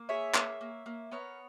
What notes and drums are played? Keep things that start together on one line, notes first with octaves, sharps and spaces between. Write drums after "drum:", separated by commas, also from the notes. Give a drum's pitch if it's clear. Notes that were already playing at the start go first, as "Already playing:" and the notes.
Already playing: A#3
G#4 C#5 E5
A#3, drum: clap
A#3
A#3
B3 A#4 C#5